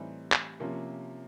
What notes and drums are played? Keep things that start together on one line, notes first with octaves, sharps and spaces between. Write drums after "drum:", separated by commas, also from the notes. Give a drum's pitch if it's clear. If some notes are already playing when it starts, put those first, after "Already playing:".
Already playing: A2 E3 G3 C4 D#4
drum: clap
C3 F3 A#3 C#4